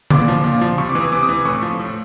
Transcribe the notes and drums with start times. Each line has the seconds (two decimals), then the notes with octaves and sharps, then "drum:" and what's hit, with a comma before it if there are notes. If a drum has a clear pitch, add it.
0.10 A#2 D6, drum: tom C#3
0.28 F3
0.44 A#2
0.61 F3
0.78 C3 C#6
0.89 D6
0.95 E3
1.00 D#6
1.12 C3 D6
1.23 D#6
1.29 E3
1.45 A2 C#6
1.62 F3
1.80 A2